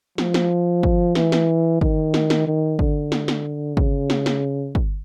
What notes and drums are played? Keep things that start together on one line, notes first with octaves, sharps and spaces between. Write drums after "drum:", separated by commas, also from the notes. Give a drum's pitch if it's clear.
F3, drum: snare
drum: snare
drum: kick
E3, drum: snare
drum: snare
D#3, drum: kick
drum: snare
drum: snare
D#3
D3, drum: kick
drum: snare
drum: snare
C#3, drum: kick
drum: snare
drum: snare
drum: kick